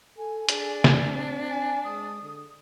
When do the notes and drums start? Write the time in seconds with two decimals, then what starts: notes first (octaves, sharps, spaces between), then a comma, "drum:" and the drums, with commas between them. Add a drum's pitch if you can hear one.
0.18 A4 G#5
0.49 D4 G#4, drum: hi-hat
0.84 drum: snare
1.02 C4
1.50 G#5
1.84 G#3 D#6
2.22 D3